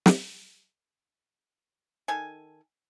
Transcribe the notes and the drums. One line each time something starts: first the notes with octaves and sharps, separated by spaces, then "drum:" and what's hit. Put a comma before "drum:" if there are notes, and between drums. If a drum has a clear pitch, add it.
drum: snare
D#3 A4 G#5